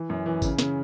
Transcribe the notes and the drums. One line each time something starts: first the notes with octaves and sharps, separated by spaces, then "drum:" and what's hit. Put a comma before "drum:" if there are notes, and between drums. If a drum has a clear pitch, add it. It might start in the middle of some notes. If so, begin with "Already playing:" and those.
Already playing: E3
F#2
E3
C#3, drum: kick, tambourine
C#3, drum: snare